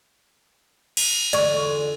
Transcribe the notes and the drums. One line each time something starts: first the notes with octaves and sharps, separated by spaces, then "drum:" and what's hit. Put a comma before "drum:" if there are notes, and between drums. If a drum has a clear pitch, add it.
drum: cymbal
E2 D3 F4 D5 C#6, drum: hi-hat